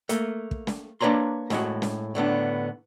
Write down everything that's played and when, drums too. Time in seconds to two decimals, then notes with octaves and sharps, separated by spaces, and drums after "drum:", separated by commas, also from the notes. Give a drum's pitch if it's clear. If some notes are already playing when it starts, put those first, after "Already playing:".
0.09 A3 A#3, drum: hi-hat
0.51 drum: kick
0.67 drum: snare
1.01 A#3 D4 B4 C#5 A#5 C6
1.50 A2 G#3 F#4, drum: snare
1.82 drum: snare
2.15 A2 D3 B3 D4